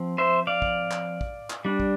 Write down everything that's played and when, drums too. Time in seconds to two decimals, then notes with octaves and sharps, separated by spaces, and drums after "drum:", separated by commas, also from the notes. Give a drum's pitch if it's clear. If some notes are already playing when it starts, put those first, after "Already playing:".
Already playing: F3 C4
0.18 C5 E5
0.47 D5 F5
0.62 drum: kick
0.91 drum: clap
1.21 drum: kick
1.50 drum: clap
1.65 G3 D4
1.80 drum: kick